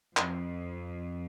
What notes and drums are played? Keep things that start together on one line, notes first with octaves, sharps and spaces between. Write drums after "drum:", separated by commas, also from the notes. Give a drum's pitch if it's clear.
F2, drum: clap